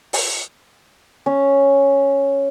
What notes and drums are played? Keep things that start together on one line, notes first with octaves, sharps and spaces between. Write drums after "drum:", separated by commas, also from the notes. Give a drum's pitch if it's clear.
drum: open hi-hat
C#4